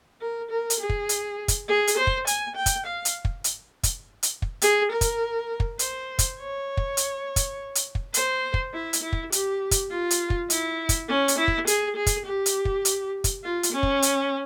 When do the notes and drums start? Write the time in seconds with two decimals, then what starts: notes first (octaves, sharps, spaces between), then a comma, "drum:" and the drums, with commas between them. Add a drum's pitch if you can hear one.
0.21 A#4
0.51 A#4
0.70 drum: hi-hat
0.79 G#4
0.89 drum: kick
1.09 drum: hi-hat
1.48 drum: kick, hi-hat
1.68 G#4
1.87 drum: hi-hat
1.97 C5
2.07 drum: kick
2.27 G#5, drum: hi-hat
2.56 G5
2.66 drum: kick, hi-hat
2.86 F5
3.05 drum: hi-hat
3.25 drum: kick
3.44 drum: hi-hat
3.83 drum: kick, hi-hat
4.23 drum: hi-hat
4.42 drum: kick
4.62 G#4, drum: hi-hat
4.92 A#4
5.01 drum: kick, hi-hat
5.60 drum: kick
5.79 C5, drum: hi-hat
6.19 drum: kick, hi-hat
6.39 C#5
6.77 drum: kick
6.97 drum: hi-hat
7.36 drum: kick, hi-hat
7.75 drum: hi-hat
7.95 drum: kick
8.14 C5, drum: hi-hat
8.54 drum: kick
8.74 E4
8.93 drum: hi-hat
9.03 E4
9.13 drum: kick
9.32 G4, drum: hi-hat
9.71 drum: kick, hi-hat
9.91 F4
10.11 drum: hi-hat
10.30 drum: kick
10.50 E4, drum: hi-hat
10.89 drum: kick, hi-hat
11.08 C#4
11.28 drum: hi-hat
11.38 E4
11.48 drum: kick
11.67 G#4, drum: hi-hat
11.96 G#4
12.06 drum: kick, hi-hat
12.26 G4
12.46 drum: hi-hat
12.65 drum: kick
12.85 drum: hi-hat
13.24 drum: kick, hi-hat
13.44 F4
13.63 drum: hi-hat
13.73 C#4
13.83 drum: kick
14.02 drum: hi-hat